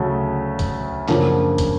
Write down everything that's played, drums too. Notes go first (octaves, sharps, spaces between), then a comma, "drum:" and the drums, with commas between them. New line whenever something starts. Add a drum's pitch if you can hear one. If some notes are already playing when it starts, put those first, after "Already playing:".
Already playing: D2 C#3 F#3 A3
drum: kick, hi-hat
F#2 C#3 F3 A#3 D4, drum: clap
drum: kick, hi-hat